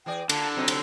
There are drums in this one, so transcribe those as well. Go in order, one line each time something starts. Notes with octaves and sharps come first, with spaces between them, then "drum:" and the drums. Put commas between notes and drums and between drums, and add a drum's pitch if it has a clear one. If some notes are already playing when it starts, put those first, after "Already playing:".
E3 G#4 D5 G5
D3 A#3 F4 A5, drum: cymbal
C3 F#3 C4 D#4
drum: cymbal